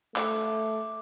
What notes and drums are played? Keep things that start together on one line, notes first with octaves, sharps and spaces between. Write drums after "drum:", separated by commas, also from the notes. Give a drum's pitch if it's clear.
A3 D6, drum: clap